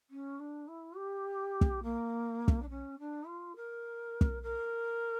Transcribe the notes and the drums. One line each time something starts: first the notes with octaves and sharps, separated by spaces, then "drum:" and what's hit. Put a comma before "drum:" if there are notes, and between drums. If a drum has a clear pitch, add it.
C#4
D4
E4
G4
drum: kick
A#3
drum: kick
D4
C#4
D4
F4
A#4
drum: kick
A#4